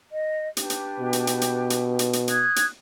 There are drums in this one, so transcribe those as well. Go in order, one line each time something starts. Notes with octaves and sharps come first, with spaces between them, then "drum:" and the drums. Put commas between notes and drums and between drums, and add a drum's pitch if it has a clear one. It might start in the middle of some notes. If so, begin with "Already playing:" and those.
D#5
D4 G4 B4, drum: hi-hat
drum: hi-hat
B2
drum: hi-hat
drum: hi-hat
drum: hi-hat
drum: hi-hat
drum: hi-hat
drum: hi-hat
D#6 F#6 G#6, drum: hi-hat
drum: hi-hat